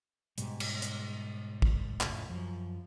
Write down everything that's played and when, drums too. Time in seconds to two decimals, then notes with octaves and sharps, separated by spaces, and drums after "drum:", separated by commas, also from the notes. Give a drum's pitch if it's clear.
0.38 G#2 B2 G3, drum: hi-hat
0.60 drum: cymbal
0.82 drum: hi-hat
1.62 drum: kick
2.01 F1 A2 C#3, drum: clap
2.29 F#2 F3